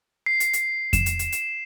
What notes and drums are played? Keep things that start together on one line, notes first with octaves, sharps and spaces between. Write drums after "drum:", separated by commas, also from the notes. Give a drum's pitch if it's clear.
C7
drum: hi-hat
drum: hi-hat
E7, drum: kick F2, hi-hat
drum: hi-hat
drum: hi-hat
drum: hi-hat